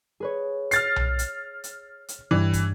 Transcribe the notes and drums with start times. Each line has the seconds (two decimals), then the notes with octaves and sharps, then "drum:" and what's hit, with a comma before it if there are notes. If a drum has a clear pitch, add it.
0.20 G#4 B4 C#5
0.71 F6 A6 C7, drum: hi-hat
0.96 drum: tom B1
1.19 drum: hi-hat
1.64 drum: hi-hat
2.08 drum: hi-hat
2.31 G2 E3
2.53 drum: kick, hi-hat